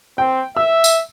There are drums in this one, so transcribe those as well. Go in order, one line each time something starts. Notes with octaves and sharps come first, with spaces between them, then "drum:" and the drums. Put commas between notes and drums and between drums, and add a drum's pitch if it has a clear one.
C4 G5
E5 E6
drum: tambourine